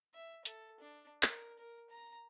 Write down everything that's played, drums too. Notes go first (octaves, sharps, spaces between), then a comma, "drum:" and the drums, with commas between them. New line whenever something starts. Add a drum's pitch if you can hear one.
E5
A4, drum: hi-hat
D4
A#4, drum: clap
A#4
A#5